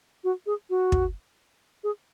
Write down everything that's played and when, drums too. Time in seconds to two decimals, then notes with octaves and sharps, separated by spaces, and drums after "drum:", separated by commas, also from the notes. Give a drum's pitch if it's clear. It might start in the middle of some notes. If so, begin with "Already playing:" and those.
0.24 F#4
0.46 G#4
0.70 F#4
0.92 drum: kick
1.84 G#4